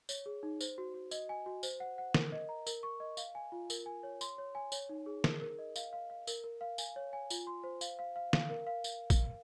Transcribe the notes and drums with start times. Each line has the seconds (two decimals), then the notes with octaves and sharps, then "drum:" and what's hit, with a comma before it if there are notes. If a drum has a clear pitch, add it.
0.09 C#5, drum: tambourine
0.26 G#4
0.43 D#4
0.61 C5, drum: tambourine
0.78 F#4
0.94 F#4
1.11 D#5, drum: tambourine
1.29 G#5
1.46 F#4
1.63 C5, drum: tambourine
1.80 F#5
1.98 F#5
2.15 A#4, drum: snare
2.32 D#5
2.49 A#5
2.67 A#4, drum: tambourine
2.83 C#6
3.00 D#5
3.17 F5, drum: tambourine
3.35 G#5
3.52 F4
3.70 A#4, drum: tambourine
3.86 G#5
4.03 C#5
4.21 C6, drum: tambourine
4.38 C#5
4.55 G#5
4.72 C#5, drum: tambourine
4.89 D#4
5.06 G#4
5.24 A#4, drum: snare
5.41 A#4
5.59 D#5
5.76 F5, drum: tambourine
5.93 F5
6.10 F5
6.27 A#4, drum: tambourine
6.44 A#4
6.61 F5
6.78 G#5, drum: tambourine
6.96 C#5
7.13 G#5
7.30 F4, drum: tambourine
7.47 C6
7.64 C5
7.81 F5, drum: tambourine
7.99 F5
8.16 F5
8.33 F5, drum: snare
8.50 A#4
8.67 F5
8.84 drum: tambourine
9.10 drum: kick, tambourine